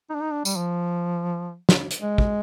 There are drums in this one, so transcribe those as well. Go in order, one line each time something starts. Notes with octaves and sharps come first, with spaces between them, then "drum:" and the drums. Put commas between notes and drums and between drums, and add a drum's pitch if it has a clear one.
D#4
D4
D#4
D4
G3, drum: tambourine
F3
drum: snare
drum: hi-hat
G#3
drum: kick